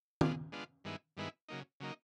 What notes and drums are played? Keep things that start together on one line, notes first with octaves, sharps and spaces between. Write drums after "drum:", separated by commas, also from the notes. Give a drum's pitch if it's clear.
G#3 B3 D4 F4, drum: tom
G#3 B3 D4 F4
G2 D#3 G#3 B3 E4
G2 D#3 G#3 B3 E4
C#3 F#3 A#3 D#4
C#3 F#3 A#3 D#4